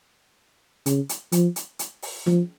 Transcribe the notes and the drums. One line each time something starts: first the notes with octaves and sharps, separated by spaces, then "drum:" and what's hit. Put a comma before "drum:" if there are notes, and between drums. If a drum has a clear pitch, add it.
C#3, drum: hi-hat
drum: hi-hat
F3, drum: hi-hat
drum: hi-hat
drum: hi-hat
drum: open hi-hat
F3, drum: snare